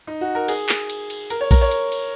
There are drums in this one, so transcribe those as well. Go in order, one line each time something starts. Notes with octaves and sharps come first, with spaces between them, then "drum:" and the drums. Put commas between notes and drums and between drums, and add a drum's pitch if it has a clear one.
D#4
F#4
A#4
G#4, drum: cymbal
drum: clap
drum: cymbal
drum: cymbal
A#4, drum: cymbal
C#5
A#4, drum: kick A#1, cymbal
C#5
drum: cymbal
drum: cymbal